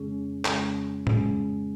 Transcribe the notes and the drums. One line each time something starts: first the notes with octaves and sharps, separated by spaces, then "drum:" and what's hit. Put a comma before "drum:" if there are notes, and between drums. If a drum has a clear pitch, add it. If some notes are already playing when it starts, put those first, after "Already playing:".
Already playing: F2 C#3 G#3 C#4 G#4
F2 C#3 G#3 C#4 G#4, drum: clap
F2 C#3 G#3 C#4 G#4, drum: tom